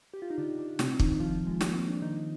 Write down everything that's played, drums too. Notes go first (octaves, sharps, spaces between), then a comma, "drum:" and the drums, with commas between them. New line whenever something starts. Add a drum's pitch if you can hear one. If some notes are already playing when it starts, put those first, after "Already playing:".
G4
F4
D#4
D3 D4
D3 D4
C3 C4, drum: snare
D#3 D#4, drum: kick
F3 F4
G#3
A#3, drum: snare
C4
D4
D#3 D#4